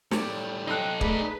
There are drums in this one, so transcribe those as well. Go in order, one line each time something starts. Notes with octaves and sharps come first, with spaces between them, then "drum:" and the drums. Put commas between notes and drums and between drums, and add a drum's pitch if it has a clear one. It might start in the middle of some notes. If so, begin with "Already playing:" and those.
A2 G3 C#5 D5, drum: snare
C4 D#4 A4 B5 F#6
A3 G#4 B4 D5 A#5, drum: kick